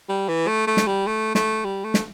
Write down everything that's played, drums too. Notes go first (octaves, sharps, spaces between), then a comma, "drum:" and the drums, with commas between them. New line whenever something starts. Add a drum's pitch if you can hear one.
G3
E3
A3
A3
drum: snare
G3
A3
A3, drum: snare
G3
A3
drum: snare